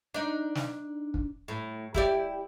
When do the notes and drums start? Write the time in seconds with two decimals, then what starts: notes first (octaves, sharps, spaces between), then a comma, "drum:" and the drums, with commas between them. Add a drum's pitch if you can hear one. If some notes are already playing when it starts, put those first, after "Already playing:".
0.14 D4 D#4
0.55 drum: snare
1.14 drum: kick
1.48 A2
1.94 E4 G4 D5, drum: kick